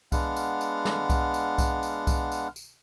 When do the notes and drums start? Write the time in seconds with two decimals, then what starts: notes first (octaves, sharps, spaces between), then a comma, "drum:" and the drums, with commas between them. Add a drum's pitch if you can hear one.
0.12 G#3 B3 D4 F5 F#5 F6, drum: kick C2, tambourine
0.36 drum: tambourine
0.61 drum: tambourine
0.85 drum: snare
1.10 drum: kick C2, tambourine
1.34 drum: tambourine
1.58 drum: kick C2, tambourine
1.83 drum: tambourine
2.07 drum: kick C2, tambourine
2.32 drum: tambourine
2.56 drum: tambourine